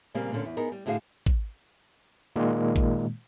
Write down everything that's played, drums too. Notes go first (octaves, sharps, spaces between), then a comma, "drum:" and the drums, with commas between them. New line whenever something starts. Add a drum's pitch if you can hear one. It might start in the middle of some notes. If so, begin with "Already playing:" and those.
A#2 C#3 G3 A#3 C4
A#2 D3 C#4
E2
B3 D#4 G#4 A#4
G3
A2 D3 F#4 G#4 F5
drum: kick
A#2 D#3 G#3 A#3
drum: kick